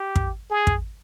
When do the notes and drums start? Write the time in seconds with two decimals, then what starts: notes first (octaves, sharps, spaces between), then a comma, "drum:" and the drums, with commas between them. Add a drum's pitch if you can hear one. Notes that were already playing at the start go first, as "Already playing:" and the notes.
Already playing: G4
0.16 drum: kick
0.50 G#4
0.67 drum: kick